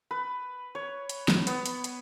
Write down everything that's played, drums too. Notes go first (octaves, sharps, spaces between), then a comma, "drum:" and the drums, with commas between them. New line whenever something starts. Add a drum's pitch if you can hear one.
B4
C#5
drum: hi-hat
drum: snare
B3, drum: hi-hat
drum: hi-hat
drum: hi-hat